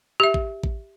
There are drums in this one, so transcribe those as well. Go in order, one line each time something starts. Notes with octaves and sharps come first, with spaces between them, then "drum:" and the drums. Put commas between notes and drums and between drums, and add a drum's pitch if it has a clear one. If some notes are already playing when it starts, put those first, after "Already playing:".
G4 E5
drum: kick A1
drum: kick A1